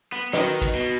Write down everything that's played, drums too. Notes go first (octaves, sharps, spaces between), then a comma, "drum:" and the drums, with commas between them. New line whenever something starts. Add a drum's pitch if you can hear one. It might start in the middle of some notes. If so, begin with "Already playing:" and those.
B3
D#3 D#4 F#4 B4 D#5, drum: snare
drum: kick, hi-hat
B2